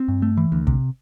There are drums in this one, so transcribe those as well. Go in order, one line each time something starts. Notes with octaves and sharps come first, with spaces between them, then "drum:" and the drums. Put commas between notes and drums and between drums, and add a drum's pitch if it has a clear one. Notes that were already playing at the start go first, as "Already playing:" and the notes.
Already playing: C4
G2
A3
E3
D2
C3, drum: kick